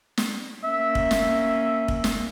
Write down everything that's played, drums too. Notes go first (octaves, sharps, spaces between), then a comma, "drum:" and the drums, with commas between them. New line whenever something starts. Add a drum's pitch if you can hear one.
drum: snare
A#3 C#4 E5
drum: kick F1
drum: snare
drum: kick F1
drum: snare